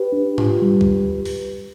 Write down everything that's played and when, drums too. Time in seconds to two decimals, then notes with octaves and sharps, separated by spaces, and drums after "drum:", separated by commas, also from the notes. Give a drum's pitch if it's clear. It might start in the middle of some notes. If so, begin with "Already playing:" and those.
Already playing: G4 B4
0.12 D4
0.38 F4, drum: tom G#2
0.62 G3
0.81 drum: kick
1.25 drum: open hi-hat